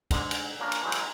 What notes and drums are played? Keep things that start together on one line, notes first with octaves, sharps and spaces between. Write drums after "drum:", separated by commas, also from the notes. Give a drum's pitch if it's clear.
G#2 D3 G#3, drum: kick, cymbal
drum: cymbal
F3 A#3 C#4 D4 A#4 F5
drum: cymbal
E3 F#3 G#3 D#4
drum: cymbal